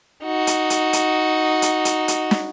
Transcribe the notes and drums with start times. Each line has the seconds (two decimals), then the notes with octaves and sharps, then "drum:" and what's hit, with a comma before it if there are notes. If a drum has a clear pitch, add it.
0.24 D#4 F#4
0.47 drum: hi-hat
0.70 drum: hi-hat
0.93 drum: hi-hat
1.62 drum: hi-hat
1.85 drum: hi-hat
2.08 drum: hi-hat
2.31 drum: snare